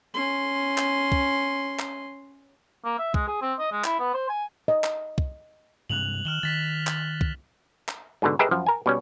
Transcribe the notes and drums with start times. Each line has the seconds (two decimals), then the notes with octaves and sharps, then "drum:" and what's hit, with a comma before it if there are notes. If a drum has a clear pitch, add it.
0.14 C#4 C6
0.78 drum: clap
1.12 drum: kick
1.79 drum: clap
2.85 A#3
2.99 E5
3.14 G#3, drum: kick
3.28 G#4
3.42 C4
3.59 D#5
3.72 G#3
3.84 E4, drum: clap
3.99 B3
4.14 C5
4.29 G#5
4.68 D#5
4.84 drum: clap
5.18 drum: kick
5.90 G2 C3 G#3 F#6 F7 F#7
6.25 D#3 F6 E7 G7
6.43 D#3 A6 B6 F#7
6.87 drum: clap
7.21 drum: kick
7.89 drum: clap
8.22 G#2 B2 D3
8.39 G4 G#4 A#4 B4 D#5 E5
8.51 F#2 F3
8.67 A#4 G#5
8.86 B2 G3 C#4